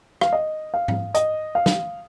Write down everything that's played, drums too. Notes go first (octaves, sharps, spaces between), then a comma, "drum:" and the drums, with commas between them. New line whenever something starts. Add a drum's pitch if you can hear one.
F5, drum: rim click
D#5
F5
drum: tom G#2
D#5, drum: hi-hat
F5
drum: snare